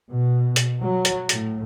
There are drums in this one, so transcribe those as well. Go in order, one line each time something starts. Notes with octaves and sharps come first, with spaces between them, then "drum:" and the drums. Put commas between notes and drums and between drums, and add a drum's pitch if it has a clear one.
B2
drum: hi-hat
F#3
drum: hi-hat
A2, drum: hi-hat